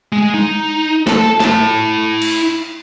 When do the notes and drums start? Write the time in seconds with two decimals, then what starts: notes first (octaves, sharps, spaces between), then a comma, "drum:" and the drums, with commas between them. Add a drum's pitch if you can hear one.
0.12 G#3
0.34 D#4
1.07 A4 A5, drum: snare
1.40 E4 A5, drum: snare
2.22 drum: cymbal